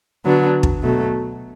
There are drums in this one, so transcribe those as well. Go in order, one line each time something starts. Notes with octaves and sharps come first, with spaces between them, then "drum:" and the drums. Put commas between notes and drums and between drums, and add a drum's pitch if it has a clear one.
D3 F#3 B3 D4
drum: kick
B2 F#3 A3